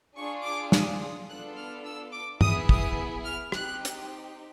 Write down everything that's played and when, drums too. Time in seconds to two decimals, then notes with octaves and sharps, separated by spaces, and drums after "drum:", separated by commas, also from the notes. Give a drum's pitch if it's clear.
0.16 D4 F4 G#4 C#6
0.44 D6
0.72 D#6, drum: snare
1.00 D#6
1.29 B3 D4 F4 A4 F#6
1.57 F6
1.85 E6
2.12 D6
2.41 B3 E4 G#4 D#6, drum: tom
2.69 D#6, drum: kick
3.25 F6
3.52 C4 D#4 G4 F#6, drum: rim click
3.85 drum: hi-hat